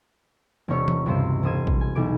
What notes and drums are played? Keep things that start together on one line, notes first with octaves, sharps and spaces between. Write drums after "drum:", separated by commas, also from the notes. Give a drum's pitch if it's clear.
E1 C3 C#4 C#5
drum: tom
C#2 G2 C3 C5
E1 C5 D#6 G#6
drum: kick A#1
G#5
B1 E3 D6 D7